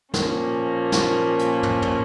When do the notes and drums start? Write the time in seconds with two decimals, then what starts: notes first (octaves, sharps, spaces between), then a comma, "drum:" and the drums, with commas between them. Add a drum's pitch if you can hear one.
0.14 A#2 F3 A#3 C#4, drum: snare
0.92 drum: snare
1.39 drum: hi-hat
1.63 drum: tom
1.82 drum: tom